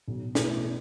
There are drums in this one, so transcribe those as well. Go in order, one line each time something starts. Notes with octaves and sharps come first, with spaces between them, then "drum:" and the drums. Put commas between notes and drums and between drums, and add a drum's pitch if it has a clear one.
B1
B2 A3 E4 B4, drum: snare